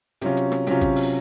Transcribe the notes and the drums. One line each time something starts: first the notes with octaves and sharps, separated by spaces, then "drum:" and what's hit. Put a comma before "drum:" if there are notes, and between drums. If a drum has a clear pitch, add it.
C3 F#3 C#4 F4, drum: hi-hat
drum: hi-hat
drum: rim click
C3 F#3 C#4 F4, drum: hi-hat
drum: kick G#1, hi-hat
drum: open hi-hat